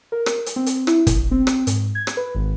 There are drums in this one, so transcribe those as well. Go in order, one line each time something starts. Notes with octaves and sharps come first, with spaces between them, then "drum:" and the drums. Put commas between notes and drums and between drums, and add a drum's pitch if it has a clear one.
A#4
drum: rim click
drum: hi-hat
C4
drum: hi-hat
E4, drum: rim click
A#1, drum: kick, hi-hat
C4
drum: rim click
G#2, drum: hi-hat
G#6
drum: rim click
B4
G#1